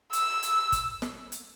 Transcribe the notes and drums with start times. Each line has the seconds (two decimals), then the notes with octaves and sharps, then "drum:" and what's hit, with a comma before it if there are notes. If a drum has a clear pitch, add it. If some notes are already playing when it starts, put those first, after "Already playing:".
0.13 E6, drum: hi-hat
0.43 drum: hi-hat
0.72 drum: kick, hi-hat
1.02 drum: snare
1.32 drum: hi-hat